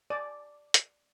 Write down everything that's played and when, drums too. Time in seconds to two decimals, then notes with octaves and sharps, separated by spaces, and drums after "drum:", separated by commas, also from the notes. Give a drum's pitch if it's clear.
0.10 D5
0.74 drum: hi-hat